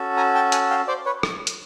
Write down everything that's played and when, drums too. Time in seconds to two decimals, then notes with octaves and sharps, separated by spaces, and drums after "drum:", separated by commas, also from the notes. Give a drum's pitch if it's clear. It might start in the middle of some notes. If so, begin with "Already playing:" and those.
Already playing: C#4 F#4 A4
0.17 G#5 A#5
0.35 G5 A5
0.52 F#5 G#5, drum: hi-hat
0.70 F5 G5
0.87 C5 D5
1.05 B4 C#5
1.23 drum: rim click
1.47 drum: hi-hat